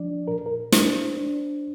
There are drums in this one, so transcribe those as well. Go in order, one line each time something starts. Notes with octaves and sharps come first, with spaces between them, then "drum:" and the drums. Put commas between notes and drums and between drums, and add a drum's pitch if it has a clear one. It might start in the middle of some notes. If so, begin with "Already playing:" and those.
Already playing: F3 D4 D5
A#2 A#4
A#4
D4 C5, drum: snare
D4